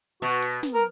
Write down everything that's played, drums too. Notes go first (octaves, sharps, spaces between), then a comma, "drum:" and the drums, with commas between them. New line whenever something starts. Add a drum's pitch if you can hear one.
B2 F#4
drum: open hi-hat
drum: snare
A#4